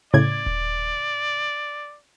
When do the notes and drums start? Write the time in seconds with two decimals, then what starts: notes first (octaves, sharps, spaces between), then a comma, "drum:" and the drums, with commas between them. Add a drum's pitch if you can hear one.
0.14 A2 C#3 D5 G#6
0.46 drum: kick D#1